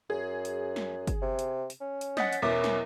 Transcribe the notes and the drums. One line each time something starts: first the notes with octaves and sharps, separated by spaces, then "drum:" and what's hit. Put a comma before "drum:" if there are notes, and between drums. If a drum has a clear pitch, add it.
F#2 G#4
drum: hi-hat
drum: snare
drum: kick G1, hi-hat
C3
drum: hi-hat
drum: hi-hat
C#4
drum: hi-hat
D#5 F#5 G6 A6 B6, drum: snare
drum: hi-hat
E2 B2 C#4 A#4 E5 D6
drum: snare